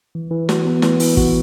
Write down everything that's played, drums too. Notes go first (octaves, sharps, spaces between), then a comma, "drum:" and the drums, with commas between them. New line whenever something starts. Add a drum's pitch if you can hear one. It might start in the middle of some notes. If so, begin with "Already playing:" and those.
E3
E3
F#4, drum: snare
B3
E3, drum: snare
E3, drum: open hi-hat
F#4, drum: kick